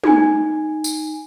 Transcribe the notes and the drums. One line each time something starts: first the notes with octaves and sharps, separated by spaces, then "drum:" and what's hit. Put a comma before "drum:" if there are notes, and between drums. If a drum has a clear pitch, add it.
D#4 G#5, drum: tom
drum: tambourine